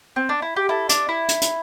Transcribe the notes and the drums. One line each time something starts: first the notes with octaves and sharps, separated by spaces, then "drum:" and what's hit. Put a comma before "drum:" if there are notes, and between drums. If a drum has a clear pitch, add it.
C4
D4
E4
G4
E4 A4
D4, drum: hi-hat
E4
drum: hi-hat
drum: hi-hat